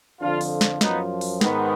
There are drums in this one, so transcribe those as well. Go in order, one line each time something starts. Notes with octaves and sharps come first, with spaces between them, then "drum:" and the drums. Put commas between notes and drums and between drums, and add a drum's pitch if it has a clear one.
F2 D3 F3 D4 F4
drum: open hi-hat
drum: snare
F#2 F3 B3 D#4, drum: snare
drum: open hi-hat
G#2 D#3 B3, drum: snare